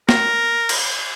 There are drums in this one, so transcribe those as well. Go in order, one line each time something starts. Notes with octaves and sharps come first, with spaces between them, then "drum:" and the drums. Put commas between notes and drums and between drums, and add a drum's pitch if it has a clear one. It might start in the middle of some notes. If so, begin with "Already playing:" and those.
A#4, drum: snare
drum: cymbal